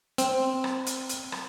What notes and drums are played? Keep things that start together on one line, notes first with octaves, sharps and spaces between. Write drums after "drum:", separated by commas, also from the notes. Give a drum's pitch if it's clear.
C4, drum: hi-hat
drum: rim click
drum: hi-hat
drum: hi-hat
drum: rim click